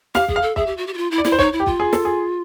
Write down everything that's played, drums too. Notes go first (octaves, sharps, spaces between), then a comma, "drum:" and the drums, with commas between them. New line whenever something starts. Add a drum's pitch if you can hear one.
G4 F5, drum: snare
G#4, drum: kick
F5
A4
G#4 E5, drum: kick
G4
F#4
G4
F#4
F4
E4
D5
E4, drum: snare
C5
D#4 C#5, drum: kick
E4
G4
F4, drum: kick
G#4
A4, drum: snare
G#4